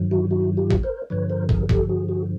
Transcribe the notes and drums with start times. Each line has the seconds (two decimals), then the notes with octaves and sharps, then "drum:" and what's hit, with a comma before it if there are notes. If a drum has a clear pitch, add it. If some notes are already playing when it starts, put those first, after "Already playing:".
Already playing: G2 D#3 F#3
0.11 E4 F#4
0.31 E4 F#4
0.57 F4 G4
0.71 drum: kick
0.83 A#4 C5
1.10 G2 D3 F3 B4 C#5
1.30 A#4 C5
1.49 G#4 A#4, drum: kick
1.69 G4 A4, drum: kick
1.89 F#4 G#4
2.09 F#4 G#4